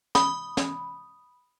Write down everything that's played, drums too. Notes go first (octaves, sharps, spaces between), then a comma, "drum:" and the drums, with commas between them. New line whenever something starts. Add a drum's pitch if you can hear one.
B5 D#6, drum: snare
drum: snare